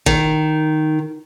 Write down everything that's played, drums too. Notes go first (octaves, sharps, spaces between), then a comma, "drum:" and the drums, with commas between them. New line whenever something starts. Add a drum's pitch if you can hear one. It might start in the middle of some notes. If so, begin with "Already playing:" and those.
D#3, drum: kick